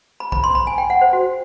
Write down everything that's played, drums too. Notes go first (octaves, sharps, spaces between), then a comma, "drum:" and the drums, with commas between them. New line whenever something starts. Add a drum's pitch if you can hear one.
B5
B5, drum: kick A#1
C6
B5
G#5
G5
F#5
C5
F#4